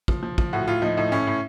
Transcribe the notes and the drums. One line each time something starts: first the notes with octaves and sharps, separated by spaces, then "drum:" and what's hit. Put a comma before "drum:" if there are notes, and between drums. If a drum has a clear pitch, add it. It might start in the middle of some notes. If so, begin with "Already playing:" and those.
F3, drum: kick
F3
F3, drum: kick
A2 F#4
A2 F4
F3 D#4
A2 D#4
A2 C#4
A2